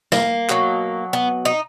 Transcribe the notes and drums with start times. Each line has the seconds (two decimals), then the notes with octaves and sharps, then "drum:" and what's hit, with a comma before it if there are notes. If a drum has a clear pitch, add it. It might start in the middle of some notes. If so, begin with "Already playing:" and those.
0.12 A#3, drum: snare
0.49 B2 F#3, drum: clap
1.13 B3
1.45 D#4